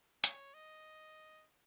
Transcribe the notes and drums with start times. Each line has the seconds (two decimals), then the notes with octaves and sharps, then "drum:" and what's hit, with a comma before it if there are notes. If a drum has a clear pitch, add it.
0.24 C#5, drum: hi-hat
0.54 D#5